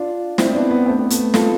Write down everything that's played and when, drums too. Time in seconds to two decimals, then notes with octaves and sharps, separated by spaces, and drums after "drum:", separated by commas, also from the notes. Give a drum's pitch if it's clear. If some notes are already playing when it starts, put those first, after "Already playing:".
Already playing: D4 F4
0.38 C4 E4, drum: snare
0.54 B3 D4
0.71 B3
0.86 A3 C4
0.99 B3
1.10 A3, drum: hi-hat
1.34 F4 A4, drum: snare